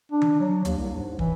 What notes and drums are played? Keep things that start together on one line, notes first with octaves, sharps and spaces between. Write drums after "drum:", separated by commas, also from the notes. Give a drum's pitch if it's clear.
D4
drum: tom D#3
F#3
D#2, drum: hi-hat
C2
G#2
E3, drum: kick